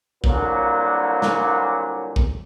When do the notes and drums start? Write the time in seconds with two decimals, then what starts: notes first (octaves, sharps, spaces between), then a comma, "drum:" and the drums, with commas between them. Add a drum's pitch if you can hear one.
0.24 C2 A#2 D3 F#3 A#3, drum: kick
1.22 drum: snare
2.16 drum: kick